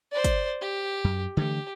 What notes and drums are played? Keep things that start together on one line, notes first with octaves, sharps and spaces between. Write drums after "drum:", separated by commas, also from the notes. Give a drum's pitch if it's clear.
C5 D5
drum: kick, hi-hat
G4
F#2
D3 E3 A3 G4